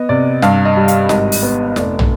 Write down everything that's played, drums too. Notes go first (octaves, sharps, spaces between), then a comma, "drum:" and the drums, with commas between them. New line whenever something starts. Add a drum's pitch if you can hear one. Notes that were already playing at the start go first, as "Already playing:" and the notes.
Already playing: B3 D#5
C3 D5
G2 F5, drum: snare
D#5
G3
F5, drum: hi-hat
G#1 D#5, drum: snare
drum: open hi-hat
B3
F1 D5, drum: snare
drum: tom